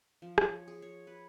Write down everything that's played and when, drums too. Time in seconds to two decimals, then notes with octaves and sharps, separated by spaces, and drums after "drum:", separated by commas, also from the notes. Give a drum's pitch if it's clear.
0.22 F3
0.38 C#5, drum: rim click
0.68 G#4
0.82 C#5
1.07 B4